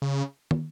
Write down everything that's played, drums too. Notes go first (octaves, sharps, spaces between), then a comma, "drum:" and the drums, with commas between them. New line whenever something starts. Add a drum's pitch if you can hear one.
C#3
drum: tom